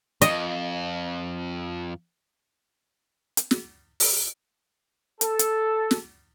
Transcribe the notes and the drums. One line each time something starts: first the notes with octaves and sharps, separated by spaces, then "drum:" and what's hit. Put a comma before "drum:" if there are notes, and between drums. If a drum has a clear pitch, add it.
F2 D#5, drum: hi-hat
drum: hi-hat
drum: snare
drum: open hi-hat
A4, drum: hi-hat
drum: hi-hat
drum: snare